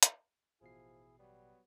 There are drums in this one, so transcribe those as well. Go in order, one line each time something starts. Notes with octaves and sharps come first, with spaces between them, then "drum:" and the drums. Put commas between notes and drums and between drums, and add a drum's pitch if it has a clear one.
drum: hi-hat
A1 B2 F3 E4 G#4 C7
F#3 G3 B3